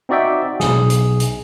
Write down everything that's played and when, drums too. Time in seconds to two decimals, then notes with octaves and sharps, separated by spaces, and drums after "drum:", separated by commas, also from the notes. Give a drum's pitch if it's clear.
0.09 C4 D#4 F#4 D5 E5 G5
0.60 B1 G#4, drum: snare
0.90 drum: hi-hat
1.20 drum: hi-hat